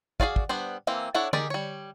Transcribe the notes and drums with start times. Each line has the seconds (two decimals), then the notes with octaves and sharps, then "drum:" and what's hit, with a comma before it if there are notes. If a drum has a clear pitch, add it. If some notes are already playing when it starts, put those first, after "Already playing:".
0.20 F#4 G#4 C#5 D5 F5, drum: kick
0.36 drum: kick
0.49 G3 B3 D4 C5
0.87 E3 A#3 C4
1.14 D4 E4 A4 C#5 F#5
1.33 D#3 G4 G#4 A#4 D5, drum: tom D3
1.50 G3 C#5